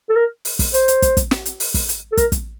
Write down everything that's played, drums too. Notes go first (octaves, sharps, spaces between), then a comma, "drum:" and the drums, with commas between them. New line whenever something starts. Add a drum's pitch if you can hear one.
A4
A#4
drum: open hi-hat
drum: kick, open hi-hat
C5, drum: hi-hat
drum: hi-hat
drum: kick, hi-hat
drum: kick, hi-hat
drum: snare
drum: hi-hat
drum: open hi-hat
drum: kick, open hi-hat
drum: hi-hat
A4
A#4, drum: kick, hi-hat
drum: kick, hi-hat